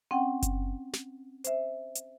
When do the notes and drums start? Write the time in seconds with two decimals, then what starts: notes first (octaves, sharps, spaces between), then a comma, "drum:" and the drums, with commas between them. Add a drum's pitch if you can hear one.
0.11 C4 C#4 F#5 G5
0.42 drum: kick F#1, hi-hat
0.93 drum: snare
1.44 C5 E5, drum: hi-hat
1.95 drum: hi-hat